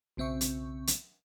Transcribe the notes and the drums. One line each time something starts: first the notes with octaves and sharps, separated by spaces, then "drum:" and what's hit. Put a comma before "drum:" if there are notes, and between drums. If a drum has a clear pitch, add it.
B1 C#3 C4 E5 C#6
drum: hi-hat
drum: hi-hat